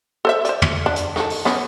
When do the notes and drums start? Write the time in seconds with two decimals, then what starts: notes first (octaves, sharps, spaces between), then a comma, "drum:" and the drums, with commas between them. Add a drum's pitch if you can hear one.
0.25 A4 C5 E5
0.45 C5 D5, drum: hi-hat
0.62 drum: tom
0.86 D4
0.96 drum: hi-hat
1.16 D#3 A4, drum: rim click
1.30 drum: open hi-hat
1.45 B3 C#4, drum: rim click